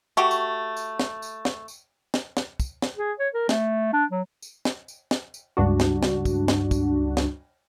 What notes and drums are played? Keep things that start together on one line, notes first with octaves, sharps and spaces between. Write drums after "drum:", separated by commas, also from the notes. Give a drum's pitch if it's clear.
A3 F#4 G4
drum: tambourine
drum: tambourine
drum: snare
drum: tambourine
drum: snare
drum: tambourine
drum: snare
drum: snare
drum: kick, tambourine
drum: snare
G#4
C#5
A#4
A3, drum: snare
D4
F#3
drum: tambourine
drum: snare
drum: tambourine
drum: snare
drum: tambourine
C#2 G2 D4 F#4
drum: snare
drum: snare
drum: kick, tambourine
drum: snare
drum: kick, tambourine
drum: snare